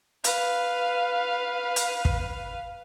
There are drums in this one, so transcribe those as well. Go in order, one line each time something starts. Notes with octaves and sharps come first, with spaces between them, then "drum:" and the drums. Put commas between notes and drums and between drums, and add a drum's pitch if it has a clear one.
B4 F5, drum: hi-hat
drum: hi-hat
drum: kick